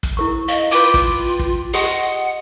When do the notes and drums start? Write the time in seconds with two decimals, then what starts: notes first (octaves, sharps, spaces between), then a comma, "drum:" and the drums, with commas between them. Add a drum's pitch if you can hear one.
0.03 drum: kick, hi-hat
0.17 E4 A#4 C#6
0.48 D#5 F5
0.71 F4 B4 G5 D6
0.94 drum: kick, hi-hat
1.39 drum: kick
1.74 G4 D#5 F#5 C6
1.85 drum: hi-hat